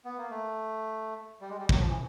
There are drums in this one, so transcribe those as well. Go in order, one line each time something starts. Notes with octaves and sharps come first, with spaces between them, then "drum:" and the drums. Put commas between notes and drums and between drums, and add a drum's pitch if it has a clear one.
B3
A#3
A3
G3
G#3
G3
F#3, drum: kick
F3
E3